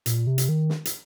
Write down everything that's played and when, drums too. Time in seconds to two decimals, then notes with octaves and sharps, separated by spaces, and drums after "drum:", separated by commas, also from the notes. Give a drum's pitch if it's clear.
0.06 A#2, drum: hi-hat
0.27 C3
0.38 drum: hi-hat
0.49 D#3
0.70 drum: snare
0.85 drum: hi-hat